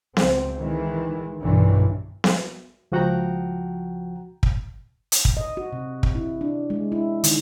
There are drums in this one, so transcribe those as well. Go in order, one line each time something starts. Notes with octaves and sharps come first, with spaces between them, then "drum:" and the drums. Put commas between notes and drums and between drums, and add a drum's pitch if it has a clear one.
C#2 C4, drum: snare B3
D#3 E3 G#3
B1 G2 D#3 E3
drum: snare B3
C#2 F3 F#4 F#5 G5 A#5
drum: kick
drum: hi-hat
drum: kick
D#5
F#4
C3
drum: kick
E4
D4
G#3
E4
D#3, drum: hi-hat